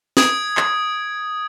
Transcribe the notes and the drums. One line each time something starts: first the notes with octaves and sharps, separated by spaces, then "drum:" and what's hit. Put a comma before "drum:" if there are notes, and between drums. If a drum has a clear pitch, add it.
D#6 G#6 D7, drum: snare
drum: clap